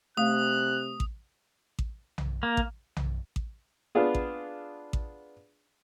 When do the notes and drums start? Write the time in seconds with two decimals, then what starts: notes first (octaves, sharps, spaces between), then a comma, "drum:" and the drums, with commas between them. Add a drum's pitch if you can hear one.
0.17 C3 A3 F5 D#6 F#6
1.00 drum: kick A1
1.79 drum: kick A1
2.18 drum: tom B1
2.43 A#3
2.57 drum: kick A1
2.97 drum: tom B1
3.36 drum: kick A1
3.95 B3 D4 F4 G#4
4.15 drum: kick A1
4.93 drum: kick A1